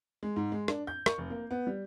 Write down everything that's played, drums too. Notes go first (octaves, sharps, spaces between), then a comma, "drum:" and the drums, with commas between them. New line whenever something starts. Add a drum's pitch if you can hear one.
G#3
G#2
G#3
D4, drum: rim click
G6
C#6, drum: rim click
F1
A#3
B3
G3